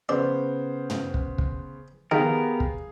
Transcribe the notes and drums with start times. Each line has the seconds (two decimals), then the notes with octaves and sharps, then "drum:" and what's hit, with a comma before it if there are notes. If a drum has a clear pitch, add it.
0.09 C#3 B3 C5 D5
0.90 drum: tom
1.14 drum: kick
1.38 drum: kick
2.11 D#3 B3 G4 G#4 A#4 F5
2.60 drum: kick